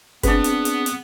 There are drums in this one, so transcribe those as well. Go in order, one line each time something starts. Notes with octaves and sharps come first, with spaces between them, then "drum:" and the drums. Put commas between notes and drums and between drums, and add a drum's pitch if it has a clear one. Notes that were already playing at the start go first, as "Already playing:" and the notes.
B3 C4 D4 G#4 B4, drum: kick, hi-hat
drum: hi-hat
drum: hi-hat
drum: hi-hat